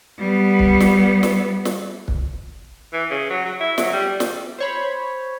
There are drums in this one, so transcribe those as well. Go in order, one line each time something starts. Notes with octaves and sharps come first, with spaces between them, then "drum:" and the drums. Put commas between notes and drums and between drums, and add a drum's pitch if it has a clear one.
G3 B3
drum: kick
drum: snare
drum: snare
drum: snare
drum: kick
E3
C#3
F#3
F#3
E4
F#3, drum: snare
G3
drum: snare
C5 C#5 B5